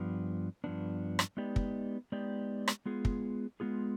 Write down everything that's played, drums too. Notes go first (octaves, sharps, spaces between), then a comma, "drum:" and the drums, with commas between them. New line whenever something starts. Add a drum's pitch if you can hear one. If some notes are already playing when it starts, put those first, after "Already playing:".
Already playing: G2 F3 B3 D4
G2 F3 B3 D4
drum: rim click
G#3 B3 D#4 G4 D5
drum: kick
G#3 B3 D#4 G4 D5
drum: rim click
G#3 B3 F4 G#4
drum: kick
G#3 B3 F4 G#4